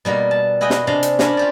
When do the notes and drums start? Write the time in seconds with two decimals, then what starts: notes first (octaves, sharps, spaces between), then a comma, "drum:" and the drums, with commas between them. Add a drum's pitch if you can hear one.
0.05 B2 G3 A#3 A#4
0.31 A5
0.61 E4 F#4 G#4 D#5 G5
0.70 drum: snare
0.87 C3 D4 F5 A#5 C6
1.03 drum: hi-hat
1.19 C#4 D4 A#4 C#5 F5 B5, drum: snare
1.37 F4 G4 D5